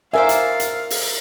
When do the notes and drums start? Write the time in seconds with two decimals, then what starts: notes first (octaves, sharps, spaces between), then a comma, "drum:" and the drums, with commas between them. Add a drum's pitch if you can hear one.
0.14 A#4 C5 D5 E5 F5 G#5
0.29 drum: hi-hat
0.60 drum: hi-hat
0.90 drum: open hi-hat